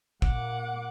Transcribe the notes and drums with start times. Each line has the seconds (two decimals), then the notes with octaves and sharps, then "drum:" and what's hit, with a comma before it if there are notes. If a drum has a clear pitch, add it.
0.22 A#2 A#3 F#5 D6, drum: kick